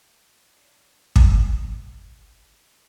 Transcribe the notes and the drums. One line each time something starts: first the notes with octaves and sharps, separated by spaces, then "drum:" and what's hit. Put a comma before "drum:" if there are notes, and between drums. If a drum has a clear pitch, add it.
D4 C#5
drum: kick